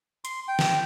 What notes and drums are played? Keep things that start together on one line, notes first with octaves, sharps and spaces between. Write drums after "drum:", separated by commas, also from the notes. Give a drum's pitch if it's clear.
C6, drum: hi-hat
G5
drum: snare